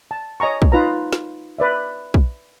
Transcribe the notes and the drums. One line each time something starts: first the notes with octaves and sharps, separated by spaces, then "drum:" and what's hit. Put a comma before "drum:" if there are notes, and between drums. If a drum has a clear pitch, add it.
A5
C#5 D#5 G#5 A#5 C#6
drum: kick
D#4 F4 B4 A#5
drum: snare
B4 D5 E5
drum: kick